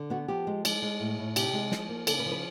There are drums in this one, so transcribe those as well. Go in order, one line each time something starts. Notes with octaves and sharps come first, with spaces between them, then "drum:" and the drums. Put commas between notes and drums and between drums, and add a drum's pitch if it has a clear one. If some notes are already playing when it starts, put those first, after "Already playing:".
Already playing: D3
B3 F#4
F3 G4
G#3
G#3, drum: cymbal
G#3
A2
A2
C3 G4, drum: cymbal
G#3
F3, drum: snare
A#3
C#3 A4, drum: cymbal
B4
F3
B4